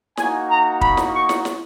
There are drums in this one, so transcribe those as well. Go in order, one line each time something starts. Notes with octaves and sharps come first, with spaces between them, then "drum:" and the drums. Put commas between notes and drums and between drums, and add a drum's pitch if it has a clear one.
A#3 D#4 F#4 G#5, drum: snare
A#5
B5, drum: kick
drum: snare
C#6
drum: snare
drum: snare